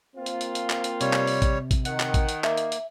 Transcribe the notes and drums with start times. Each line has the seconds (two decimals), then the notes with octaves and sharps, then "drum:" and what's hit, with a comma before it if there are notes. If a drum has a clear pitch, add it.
0.16 A#3 C4 F4
0.26 drum: hi-hat
0.41 drum: hi-hat
0.55 drum: hi-hat
0.70 drum: clap
0.84 drum: hi-hat
1.01 C3 G3 C#5, drum: hi-hat
1.13 drum: clap
1.27 drum: open hi-hat
1.42 drum: kick A1, hi-hat
1.71 drum: kick A1, hi-hat
1.85 D#3 F#5, drum: hi-hat
2.00 drum: clap
2.14 drum: kick A1, hi-hat
2.29 drum: hi-hat
2.44 A#3 E5, drum: clap
2.57 drum: hi-hat
2.72 drum: hi-hat